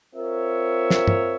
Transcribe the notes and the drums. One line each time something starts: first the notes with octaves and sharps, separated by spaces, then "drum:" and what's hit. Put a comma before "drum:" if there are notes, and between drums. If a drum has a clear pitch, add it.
C4 F4 A#4 C#5 E5
drum: snare
drum: tom